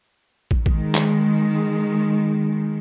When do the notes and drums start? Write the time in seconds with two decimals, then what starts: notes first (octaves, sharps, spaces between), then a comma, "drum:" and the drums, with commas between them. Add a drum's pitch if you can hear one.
0.51 drum: kick
0.66 D#3 G#3, drum: kick
0.95 drum: clap